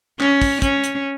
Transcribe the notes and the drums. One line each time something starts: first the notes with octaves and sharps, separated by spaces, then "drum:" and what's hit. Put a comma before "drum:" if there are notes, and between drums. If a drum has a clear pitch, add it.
C#4, drum: clap
drum: kick, open hi-hat
C#4, drum: kick, hi-hat
drum: hi-hat